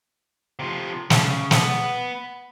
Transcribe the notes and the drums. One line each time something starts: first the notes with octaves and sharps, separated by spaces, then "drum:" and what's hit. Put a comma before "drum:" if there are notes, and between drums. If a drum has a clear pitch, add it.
C3 F3
C#3, drum: snare
B3, drum: snare